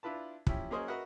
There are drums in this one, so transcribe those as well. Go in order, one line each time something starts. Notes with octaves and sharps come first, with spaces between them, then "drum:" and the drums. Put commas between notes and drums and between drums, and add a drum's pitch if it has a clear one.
D4 E4 F4 B4 A5
F3 C#4 E4 G4, drum: kick
F#3 A#3 C#4 G#4 C5 D#5
F#4 A#4 B4 D#5 E5 F#5